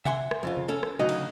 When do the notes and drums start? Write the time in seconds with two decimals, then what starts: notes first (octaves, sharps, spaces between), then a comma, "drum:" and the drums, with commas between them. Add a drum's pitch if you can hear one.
0.05 E5 F#5 G#5 C6, drum: tom C3
0.31 drum: rim click
0.43 F2 C#3 F4
0.57 drum: tom C3
0.68 C#4 A4
0.83 drum: rim click
0.99 D2 C#3 F#3 D#4 D#5 F#5
1.09 drum: cymbal